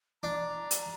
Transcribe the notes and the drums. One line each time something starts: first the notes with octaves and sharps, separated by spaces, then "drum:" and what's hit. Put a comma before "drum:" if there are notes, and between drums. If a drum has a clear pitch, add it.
D4 A#5
drum: hi-hat